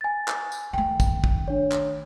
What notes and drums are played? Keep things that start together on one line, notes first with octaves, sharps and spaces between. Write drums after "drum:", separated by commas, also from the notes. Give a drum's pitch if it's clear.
G#5 A6
drum: clap
drum: tambourine
D#3 A3 G5
drum: kick, tambourine
drum: kick
D4 C#5
drum: clap